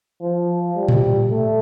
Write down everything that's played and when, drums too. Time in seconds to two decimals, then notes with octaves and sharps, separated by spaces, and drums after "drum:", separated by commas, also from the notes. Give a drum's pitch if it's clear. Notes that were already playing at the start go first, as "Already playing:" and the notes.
0.22 F3
0.76 G3
0.88 drum: tom A2
1.31 A3